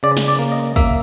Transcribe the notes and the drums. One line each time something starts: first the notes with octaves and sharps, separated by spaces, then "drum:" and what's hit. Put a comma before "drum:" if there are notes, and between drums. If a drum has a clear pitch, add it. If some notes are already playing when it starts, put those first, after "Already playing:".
C#3 D5
drum: snare
D5
A#3
D#5
A#3 E5, drum: kick